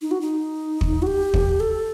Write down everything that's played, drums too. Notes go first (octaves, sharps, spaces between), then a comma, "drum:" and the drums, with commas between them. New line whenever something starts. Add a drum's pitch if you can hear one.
D#4
F#4
D#4
drum: kick
F#4
G4
drum: kick
A4